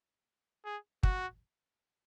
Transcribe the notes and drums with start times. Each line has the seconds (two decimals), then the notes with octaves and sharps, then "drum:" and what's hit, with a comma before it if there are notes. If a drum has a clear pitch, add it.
0.65 G#4
1.03 F#4, drum: kick